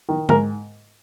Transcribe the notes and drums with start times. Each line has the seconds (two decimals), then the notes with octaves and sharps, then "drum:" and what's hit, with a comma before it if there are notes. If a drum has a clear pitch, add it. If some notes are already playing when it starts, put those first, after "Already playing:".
0.09 D#3
0.29 G#2 A#4, drum: tom